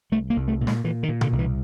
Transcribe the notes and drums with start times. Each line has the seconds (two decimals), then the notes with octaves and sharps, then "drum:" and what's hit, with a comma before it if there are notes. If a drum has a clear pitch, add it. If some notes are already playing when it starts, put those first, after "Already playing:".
0.12 C2 A3
0.30 A#3
0.36 C2
0.48 A3
0.61 A#2
0.67 G#3, drum: snare
0.84 A#2 E3
1.03 D#3
1.09 A#2
1.21 D3, drum: tom B2
1.33 C2
1.39 E3